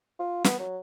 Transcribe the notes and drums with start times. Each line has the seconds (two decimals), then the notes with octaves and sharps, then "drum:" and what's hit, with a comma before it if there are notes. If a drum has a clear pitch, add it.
0.19 F4
0.44 B3, drum: snare
0.59 F#3